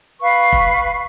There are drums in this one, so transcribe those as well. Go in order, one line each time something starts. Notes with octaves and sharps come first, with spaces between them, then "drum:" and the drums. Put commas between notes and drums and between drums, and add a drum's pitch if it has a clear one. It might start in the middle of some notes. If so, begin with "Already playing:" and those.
B4 F5 C#6
drum: kick